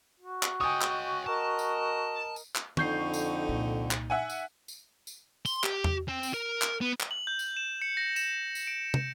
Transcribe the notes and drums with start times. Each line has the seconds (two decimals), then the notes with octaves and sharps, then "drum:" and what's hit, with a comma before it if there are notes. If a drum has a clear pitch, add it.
0.20 F#4
0.43 drum: clap
0.61 C#5 D#5 G5 G#5 D#6
0.81 drum: clap
1.26 A#4 D#5 A5
1.59 drum: tambourine
2.36 drum: tambourine
2.56 drum: clap
2.77 F2 D3 D#4 C#6 G6 C7, drum: tom
3.14 drum: tambourine
3.49 C2 A#2
3.91 drum: clap
4.10 E5 F#5 G#5
4.30 drum: tambourine
4.68 drum: tambourine
5.07 drum: tambourine
5.46 C6, drum: tambourine
5.64 G4, drum: clap
5.84 drum: tom
6.08 C4
6.23 drum: tambourine
6.34 A#4
6.62 drum: clap
6.81 B3
7.00 drum: clap
7.11 F#7
7.27 G6
7.39 drum: tambourine
7.57 E7
7.82 C#7
7.97 A#6
8.16 E7, drum: tambourine
8.55 drum: tambourine
8.67 D7
8.94 drum: tom